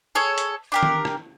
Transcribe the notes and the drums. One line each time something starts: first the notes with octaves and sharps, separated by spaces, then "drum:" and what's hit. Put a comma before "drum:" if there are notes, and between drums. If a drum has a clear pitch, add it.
G#4 A4 C#5
drum: hi-hat
D4 G4 A#4
drum: tom D#3
drum: rim click